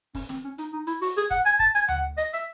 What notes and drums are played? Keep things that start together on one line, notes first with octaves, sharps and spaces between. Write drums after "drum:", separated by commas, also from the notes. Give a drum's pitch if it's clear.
C#4, drum: kick, open hi-hat
C4, drum: snare
C#4
D#4, drum: hi-hat
D#4
E4, drum: hi-hat
F#4, drum: open hi-hat
G#4, drum: hi-hat
F#5, drum: kick, hi-hat
G#5, drum: hi-hat
A5, drum: kick
G#5, drum: hi-hat
F#5, drum: tom D2
D#5, drum: hi-hat
E5, drum: hi-hat